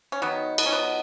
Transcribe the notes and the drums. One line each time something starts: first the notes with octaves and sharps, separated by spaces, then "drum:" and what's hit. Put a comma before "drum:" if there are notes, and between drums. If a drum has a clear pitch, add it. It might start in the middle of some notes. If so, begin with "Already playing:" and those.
C#4
D#3 F#3 B3
B3, drum: cymbal
C#4
F#3 B3